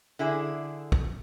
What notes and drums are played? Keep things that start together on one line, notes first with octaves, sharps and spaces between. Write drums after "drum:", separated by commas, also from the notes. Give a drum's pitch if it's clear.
D3 E4 G#4 D5
drum: kick